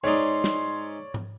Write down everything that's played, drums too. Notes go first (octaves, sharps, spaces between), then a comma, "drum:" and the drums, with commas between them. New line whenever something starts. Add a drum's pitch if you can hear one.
G#2 D#4 C#5 D5 C6
drum: snare
drum: tom